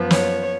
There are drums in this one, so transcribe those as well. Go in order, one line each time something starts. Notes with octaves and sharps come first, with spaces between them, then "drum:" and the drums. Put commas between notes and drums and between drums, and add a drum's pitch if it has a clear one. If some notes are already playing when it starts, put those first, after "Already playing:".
Already playing: F#2 F3 B3
C#5, drum: snare